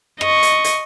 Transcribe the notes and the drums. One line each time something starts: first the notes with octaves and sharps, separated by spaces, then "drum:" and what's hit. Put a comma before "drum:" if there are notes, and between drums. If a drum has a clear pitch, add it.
D#5 C#6, drum: rim click
drum: hi-hat
drum: hi-hat